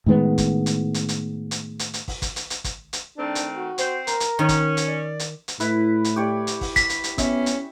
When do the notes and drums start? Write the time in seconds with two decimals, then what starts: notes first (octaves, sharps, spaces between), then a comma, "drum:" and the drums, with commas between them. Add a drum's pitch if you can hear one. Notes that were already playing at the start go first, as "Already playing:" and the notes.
0.06 A2 D#3 G#3 B3
0.38 drum: kick, hi-hat
0.66 drum: hi-hat
0.94 drum: hi-hat
1.09 drum: hi-hat
1.51 drum: hi-hat
1.79 drum: hi-hat
1.94 drum: hi-hat
2.08 drum: kick, open hi-hat
2.22 drum: kick, hi-hat
2.36 drum: hi-hat
2.50 drum: hi-hat
2.64 drum: kick, hi-hat
2.93 drum: hi-hat
3.17 D#3 A3 C4 D4
3.35 drum: hi-hat
3.56 F#4
3.78 C4 C5, drum: hi-hat
4.07 A#4, drum: hi-hat
4.20 drum: hi-hat
4.39 D#3 C#4
4.49 drum: kick, hi-hat
4.77 drum: hi-hat
4.87 D5
5.19 drum: hi-hat
5.48 drum: hi-hat
5.60 A2 E4 B4, drum: hi-hat
6.04 drum: hi-hat
6.16 G4 C#5 D5
6.47 drum: hi-hat
6.61 drum: kick, open hi-hat
6.76 B6, drum: kick, hi-hat
6.89 drum: hi-hat
7.04 drum: hi-hat
7.18 B3 C#4 E5, drum: kick, hi-hat
7.46 drum: hi-hat